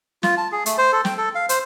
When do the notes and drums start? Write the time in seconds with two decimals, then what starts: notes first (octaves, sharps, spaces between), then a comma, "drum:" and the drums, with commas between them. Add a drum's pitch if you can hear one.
0.23 F4, drum: snare
0.38 A5
0.52 G#4
0.66 A3, drum: hi-hat
0.78 C5
0.92 A4
1.05 G5, drum: snare
1.18 A4
1.35 F5
1.49 C5, drum: hi-hat